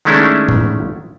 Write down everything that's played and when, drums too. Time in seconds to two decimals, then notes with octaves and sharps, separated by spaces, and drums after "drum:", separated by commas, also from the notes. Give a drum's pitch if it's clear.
0.05 D#3 G#3 A3 C#4 D4 E4
0.49 drum: tom